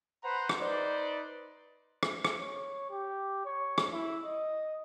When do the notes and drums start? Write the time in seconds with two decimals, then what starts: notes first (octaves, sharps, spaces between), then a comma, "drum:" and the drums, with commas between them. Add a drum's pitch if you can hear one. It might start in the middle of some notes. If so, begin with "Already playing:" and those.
0.23 B4 C5 F#5 A#5 B5
0.49 drum: rim click
0.60 D#4 B4 C5 D5
2.03 drum: rim click
2.25 drum: rim click
2.39 C#5
2.90 G4
3.45 C#5
3.78 drum: rim click
3.92 E4
4.25 D#5